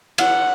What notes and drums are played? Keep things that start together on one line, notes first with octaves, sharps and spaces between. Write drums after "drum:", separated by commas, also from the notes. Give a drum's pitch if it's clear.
F#5, drum: cymbal